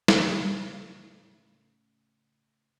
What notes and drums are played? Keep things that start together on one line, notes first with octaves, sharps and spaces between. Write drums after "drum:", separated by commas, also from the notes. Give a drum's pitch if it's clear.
A2 C#3, drum: snare